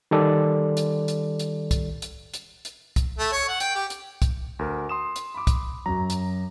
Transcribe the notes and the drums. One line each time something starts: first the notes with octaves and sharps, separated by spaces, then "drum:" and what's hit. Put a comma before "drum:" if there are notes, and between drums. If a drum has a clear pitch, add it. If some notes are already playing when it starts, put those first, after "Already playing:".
D#3 G3 A4 D5
drum: hi-hat
drum: hi-hat
drum: hi-hat
drum: kick, hi-hat
drum: hi-hat
drum: hi-hat
drum: hi-hat
drum: kick, hi-hat
A3
C#5
F#5
G5, drum: hi-hat
G4
drum: hi-hat
drum: kick, hi-hat
D2 A#4
C6 D#6 E7
drum: hi-hat
B5 D6
drum: kick, hi-hat
F#2 F#3 A#5
drum: hi-hat